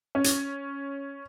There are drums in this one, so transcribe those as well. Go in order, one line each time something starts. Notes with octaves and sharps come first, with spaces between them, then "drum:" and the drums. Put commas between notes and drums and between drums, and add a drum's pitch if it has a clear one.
C#4
drum: hi-hat